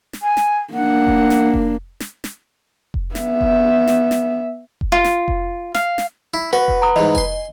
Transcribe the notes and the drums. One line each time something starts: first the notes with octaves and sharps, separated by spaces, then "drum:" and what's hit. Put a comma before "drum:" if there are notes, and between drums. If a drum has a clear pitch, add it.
drum: snare
G#5
drum: snare
A#3 D4 F#5
drum: kick F1
drum: snare
drum: kick F1
drum: snare
drum: snare
drum: kick F1
B3 E5, drum: snare
drum: kick F1
drum: snare
drum: snare
drum: kick F1
F4
drum: snare
drum: kick F1
F5, drum: snare
drum: snare
E4
F#4 B4 F#5
drum: kick F1
A#5 D#6
G#2 E3 D#5
G#5 C6, drum: kick F1